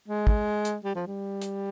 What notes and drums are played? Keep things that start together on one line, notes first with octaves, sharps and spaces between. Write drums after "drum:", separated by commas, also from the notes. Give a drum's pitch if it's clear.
G#3
drum: kick
drum: hi-hat
G3
F3
G3
drum: hi-hat